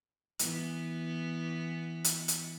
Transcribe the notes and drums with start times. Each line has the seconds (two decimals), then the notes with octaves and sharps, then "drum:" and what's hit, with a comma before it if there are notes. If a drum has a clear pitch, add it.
0.39 E3 B3, drum: hi-hat
2.04 drum: hi-hat
2.28 drum: hi-hat